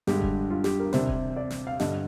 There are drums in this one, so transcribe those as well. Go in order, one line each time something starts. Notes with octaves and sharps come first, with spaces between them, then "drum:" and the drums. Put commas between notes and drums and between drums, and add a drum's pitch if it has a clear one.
G2 D3 G#3 G4, drum: snare
drum: kick E1
F4
G4, drum: snare
A#4
C3 G3 D4 C5, drum: snare
drum: kick E1
D5
drum: snare
F5
G2 D3 G3 D#5, drum: snare